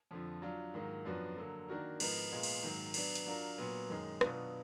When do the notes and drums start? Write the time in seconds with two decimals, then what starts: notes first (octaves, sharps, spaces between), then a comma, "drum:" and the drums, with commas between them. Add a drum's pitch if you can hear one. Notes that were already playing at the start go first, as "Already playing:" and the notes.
0.11 F2 D3 F3
0.42 F#3 D4 F4
0.74 G#2 D#3 F#3 A#3 F4
1.05 F#2 F3 B3 D4 F#4
1.36 D3 F#3 A#3
1.68 D#3 A#3 D4 F#4 A#4
2.00 G#2 F3 B3 D#4 A#4, drum: cymbal
2.31 A#2 G#3 B3 F4 A#4
2.43 drum: cymbal
2.62 G#2 D#3 F#3 A#3
2.94 F#3 B3 D4, drum: cymbal
3.15 drum: hi-hat
3.26 F#3 D4 F4 A#4
3.58 A#2 F#3 B3
3.90 F#2 D#3 G#3
4.21 B2 F#3 B3 D4 F4, drum: rim click